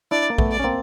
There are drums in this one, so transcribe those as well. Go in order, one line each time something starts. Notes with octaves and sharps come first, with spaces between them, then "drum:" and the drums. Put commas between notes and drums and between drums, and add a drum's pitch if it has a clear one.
D4 E4 D5
A#3
A3 B3, drum: kick A#1
D5
C#4
A#3 C4